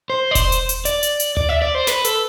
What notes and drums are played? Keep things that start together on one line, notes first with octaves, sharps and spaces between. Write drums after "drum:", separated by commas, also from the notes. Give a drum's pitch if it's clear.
C5
D5
C5, drum: kick E1, hi-hat
drum: hi-hat
drum: hi-hat
D5, drum: hi-hat
drum: hi-hat
drum: hi-hat
D5, drum: tom D2
E5
D5
C5
B4, drum: snare
A4, drum: hi-hat